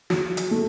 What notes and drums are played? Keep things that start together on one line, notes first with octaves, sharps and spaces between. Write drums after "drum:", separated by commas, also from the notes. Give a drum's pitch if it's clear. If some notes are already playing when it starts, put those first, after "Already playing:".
F#3, drum: snare
drum: hi-hat
A3